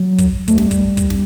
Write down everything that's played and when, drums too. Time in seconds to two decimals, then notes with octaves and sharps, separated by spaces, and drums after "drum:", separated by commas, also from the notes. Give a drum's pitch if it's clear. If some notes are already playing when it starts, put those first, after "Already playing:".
Already playing: F#3
0.18 drum: kick, hi-hat
0.48 A3, drum: kick, hi-hat
0.58 G3, drum: snare
0.71 drum: kick, hi-hat
0.97 drum: kick, hi-hat
1.10 drum: snare